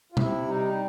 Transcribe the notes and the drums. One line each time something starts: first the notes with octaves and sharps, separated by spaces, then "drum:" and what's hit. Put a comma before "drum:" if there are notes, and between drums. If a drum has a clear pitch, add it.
F4
C3 E4, drum: tom B2
G3 D#4